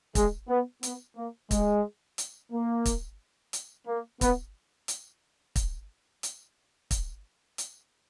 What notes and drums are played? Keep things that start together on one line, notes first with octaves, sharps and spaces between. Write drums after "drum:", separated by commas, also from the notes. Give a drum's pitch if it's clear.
G#3, drum: kick, hi-hat
B3
B3, drum: hi-hat
A#3
G#3, drum: kick, hi-hat
drum: hi-hat
A#3
drum: kick, hi-hat
drum: hi-hat
A#3
B3, drum: kick, hi-hat
drum: hi-hat
drum: kick, hi-hat
drum: hi-hat
drum: kick, hi-hat
drum: hi-hat